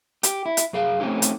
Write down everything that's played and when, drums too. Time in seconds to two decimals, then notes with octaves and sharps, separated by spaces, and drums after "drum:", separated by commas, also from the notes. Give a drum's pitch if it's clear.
0.23 G4, drum: hi-hat
0.46 E4
0.57 drum: hi-hat
0.73 F#2 G#4 F5
1.00 A3 C4 C#4 D#4 G4
1.22 drum: hi-hat